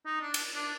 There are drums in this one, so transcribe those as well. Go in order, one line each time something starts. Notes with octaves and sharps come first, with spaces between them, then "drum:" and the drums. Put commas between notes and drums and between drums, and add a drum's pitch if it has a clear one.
D#4
D4
drum: cymbal
D4